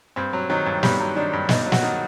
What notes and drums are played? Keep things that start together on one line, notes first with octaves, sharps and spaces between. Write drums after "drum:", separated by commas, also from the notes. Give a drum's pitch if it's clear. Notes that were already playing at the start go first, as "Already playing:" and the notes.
G2 C4
F#3
D#3 F#3
G2
G2 G3, drum: snare
F#3
D#3 D4
G2
G2 D#4, drum: snare
F#3
F#4, drum: snare
D#3